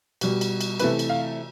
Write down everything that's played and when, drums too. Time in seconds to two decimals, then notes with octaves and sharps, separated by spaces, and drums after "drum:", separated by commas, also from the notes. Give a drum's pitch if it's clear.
0.21 B2 G3, drum: cymbal
0.41 drum: cymbal
0.61 drum: cymbal
0.80 C3 E3 A3 B4, drum: cymbal
0.99 drum: cymbal
1.09 F5